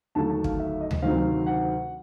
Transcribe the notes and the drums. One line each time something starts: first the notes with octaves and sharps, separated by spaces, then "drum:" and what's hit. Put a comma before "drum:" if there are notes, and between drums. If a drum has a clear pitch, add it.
D#2 D3 F#3 A3 A5
A5
F5, drum: kick
E5
D#5
drum: tom D2
D2 C3 D#3 F#3 F5
F#5